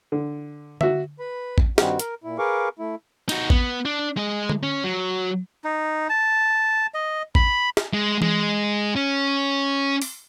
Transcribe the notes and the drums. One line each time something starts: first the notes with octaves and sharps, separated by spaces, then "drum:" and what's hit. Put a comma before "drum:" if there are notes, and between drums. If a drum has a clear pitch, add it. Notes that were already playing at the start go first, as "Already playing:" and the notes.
D3
F#4 E5, drum: tom D3
B4 B5
drum: kick A1
G2 D#3 G3 C4 F#4, drum: snare
A#4, drum: hi-hat
A#2 E4
G#4 A#4 B4 F5 C#6 D6
A3 E4
D#4 F#4, drum: cymbal
B3, drum: kick A1
D4
G#3 D#5
drum: tom D3
C#4
F#3
D#4
A5
D#5
B5, drum: kick A1
drum: snare
G#3
G#3, drum: tom E3
C#4
drum: open hi-hat